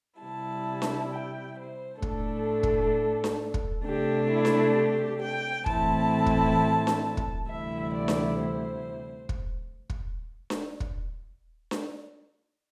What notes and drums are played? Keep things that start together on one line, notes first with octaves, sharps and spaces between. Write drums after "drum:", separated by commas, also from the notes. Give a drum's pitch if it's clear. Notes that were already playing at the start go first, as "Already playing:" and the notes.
C3 G3 E4 A5
drum: snare D4
G5
C5
A2 A3 D4 A4, drum: kick
drum: kick
drum: snare D4
drum: kick
C3 A3 D4 G4
E4
drum: snare D4
G4
G5
A2 E3 A3 C4 E4 A5, drum: kick
drum: kick
drum: snare D4
drum: kick
D2 C3 E3 G3 E4 E5
D5
drum: snare D4
C5
drum: kick
drum: kick
drum: snare D4
drum: kick
drum: snare D4